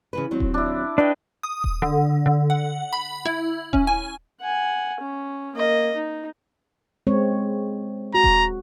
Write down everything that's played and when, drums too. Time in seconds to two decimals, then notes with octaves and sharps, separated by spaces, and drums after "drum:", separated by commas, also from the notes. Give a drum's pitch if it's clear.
0.13 C#3 E3 B4
0.31 D#2 F#3 C4
0.40 drum: kick D#1
0.54 D4 E4
0.98 D4 B4 D#5 G5
1.43 D#6
1.64 drum: kick D#1
1.82 D3
2.26 D3
2.50 F#5
2.93 B5
3.26 E4
3.73 C#4, drum: kick D#1
3.87 G#5
4.40 F#5 G#5
5.00 C#4
5.55 A#3 D#5
5.96 D#4
7.07 G#3 C4 C#5
8.15 F#4 A#5
8.24 drum: kick D#1